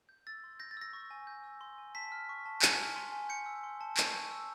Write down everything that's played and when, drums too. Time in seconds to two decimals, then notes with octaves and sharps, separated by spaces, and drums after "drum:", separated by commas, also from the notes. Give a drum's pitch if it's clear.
0.09 G6
0.27 E6 A6
0.44 C6
0.59 G6 A#6
0.71 A6
0.77 E6 A#6
0.93 C#6
1.11 G#5
1.27 G6
1.44 E6
1.61 C6
1.78 G#5
1.95 A5 B6
2.12 F6
2.29 C#6
2.46 A5
2.62 G#5, drum: clap
2.79 F6
2.96 C6
3.12 G#5
3.29 G6 C#7
3.46 E6
3.64 C6
3.81 A5
3.97 C#6, drum: clap
4.14 G6
4.31 E6